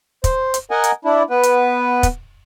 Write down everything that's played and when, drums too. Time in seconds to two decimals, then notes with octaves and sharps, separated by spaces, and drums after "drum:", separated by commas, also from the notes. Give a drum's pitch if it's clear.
0.24 C5, drum: kick, hi-hat
0.54 drum: hi-hat
0.71 A#4 D#5 F#5 G#5
0.84 drum: hi-hat
1.05 D4 E4
1.30 B3 B4
1.43 drum: hi-hat
2.03 drum: kick, hi-hat